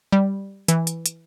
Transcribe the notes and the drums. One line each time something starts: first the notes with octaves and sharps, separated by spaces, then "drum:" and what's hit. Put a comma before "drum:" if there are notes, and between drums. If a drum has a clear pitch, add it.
G3
E3, drum: hi-hat
drum: hi-hat
drum: hi-hat